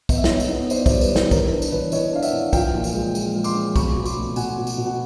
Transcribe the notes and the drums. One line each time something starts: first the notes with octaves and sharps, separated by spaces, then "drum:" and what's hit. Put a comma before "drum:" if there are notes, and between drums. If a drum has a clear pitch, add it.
B3 D#5, drum: kick, tambourine
E5
C#5 D#5, drum: snare
D#4
drum: tambourine
B3
D#4 C5 D5, drum: tambourine
C5 D5, drum: kick, tambourine
G3
B4 C#5, drum: tambourine
E3
B4 C#5, drum: snare
E3 A#4 C5, drum: kick, tambourine
D4 B4
drum: tambourine
E3 B4 C#5
E3 C#5 D#5, drum: tambourine
D4 F5
E5 F#5, drum: tambourine
E3
F3 F5 G5, drum: kick, tambourine
A#2
drum: tambourine
G#3
F3, drum: tambourine
G#3
C6 D6, drum: tambourine
C#4
B2 B5 C#6, drum: kick, tambourine
B2
C6 D6, drum: tambourine
A3
B2 F#5 G#5, drum: tambourine
B2
drum: tambourine
B2
F#5